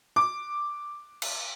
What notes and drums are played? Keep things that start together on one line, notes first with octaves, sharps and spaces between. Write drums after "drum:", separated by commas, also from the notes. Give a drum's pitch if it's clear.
D6
drum: cymbal